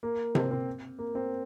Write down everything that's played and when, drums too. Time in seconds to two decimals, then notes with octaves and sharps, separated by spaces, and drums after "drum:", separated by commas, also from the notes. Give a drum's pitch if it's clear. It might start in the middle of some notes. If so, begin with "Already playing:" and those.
0.03 A#3
0.35 C4, drum: tom C3
0.51 C4
0.99 A#3
1.15 C4